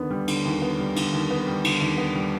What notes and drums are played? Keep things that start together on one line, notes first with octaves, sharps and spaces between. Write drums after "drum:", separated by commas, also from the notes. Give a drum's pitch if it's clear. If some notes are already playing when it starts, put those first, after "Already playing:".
Already playing: D#2 D3 B3
G3
D3, drum: cymbal
D#2
B3
G3
D3, drum: cymbal
D#2
B3
G3
D3, drum: cymbal
D#2
B3
G3